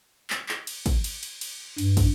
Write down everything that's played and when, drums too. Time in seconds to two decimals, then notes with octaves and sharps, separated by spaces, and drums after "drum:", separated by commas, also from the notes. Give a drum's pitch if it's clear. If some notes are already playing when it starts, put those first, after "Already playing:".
0.30 drum: clap
0.49 drum: clap
0.67 drum: cymbal
0.86 drum: kick, cymbal
1.04 drum: cymbal
1.23 drum: cymbal
1.41 drum: cymbal
1.78 G2, drum: cymbal
1.97 drum: kick, cymbal